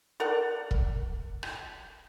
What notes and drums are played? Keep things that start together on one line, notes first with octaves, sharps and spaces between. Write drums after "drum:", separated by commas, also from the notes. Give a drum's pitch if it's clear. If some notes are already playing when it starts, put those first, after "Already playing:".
A4 A#4 D5 F#5
drum: kick
drum: rim click